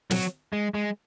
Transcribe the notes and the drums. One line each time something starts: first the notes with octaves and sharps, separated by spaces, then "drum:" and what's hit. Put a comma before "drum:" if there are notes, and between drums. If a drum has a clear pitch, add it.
F#3, drum: snare
G#3
G#3